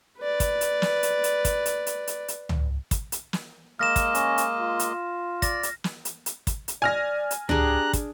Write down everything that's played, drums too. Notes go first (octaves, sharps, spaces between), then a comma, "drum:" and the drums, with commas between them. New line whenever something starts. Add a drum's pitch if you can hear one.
B4 D5
drum: kick, hi-hat
drum: hi-hat
drum: snare
drum: hi-hat
drum: hi-hat
drum: kick, hi-hat
drum: hi-hat
drum: hi-hat
drum: hi-hat
drum: hi-hat
drum: tom C#2
drum: kick, hi-hat
drum: hi-hat
drum: snare
G#3 A#3 D#5 F6 A#6 E7
drum: kick, hi-hat
C#4, drum: hi-hat
drum: hi-hat
F4
drum: hi-hat
D5 A#6, drum: kick, hi-hat
drum: hi-hat
drum: snare
drum: hi-hat
drum: hi-hat
drum: kick, hi-hat
drum: hi-hat
D5 G#5 F6 A#6
drum: hi-hat
D4 G4 G#4 A#5 F#6, drum: tom C#2
drum: kick, hi-hat